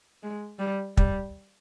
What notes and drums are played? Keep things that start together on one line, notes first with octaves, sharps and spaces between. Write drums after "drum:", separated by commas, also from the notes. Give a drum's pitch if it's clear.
G#3
G3
G3, drum: kick